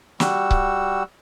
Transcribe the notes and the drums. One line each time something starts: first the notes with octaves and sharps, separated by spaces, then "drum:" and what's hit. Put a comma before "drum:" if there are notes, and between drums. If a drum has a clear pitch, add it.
G3 F#4 E6, drum: snare
drum: kick C#1